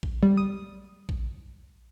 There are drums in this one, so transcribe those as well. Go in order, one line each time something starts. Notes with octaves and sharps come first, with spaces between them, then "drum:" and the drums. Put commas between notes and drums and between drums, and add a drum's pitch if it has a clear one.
drum: kick
G3
D#6
drum: kick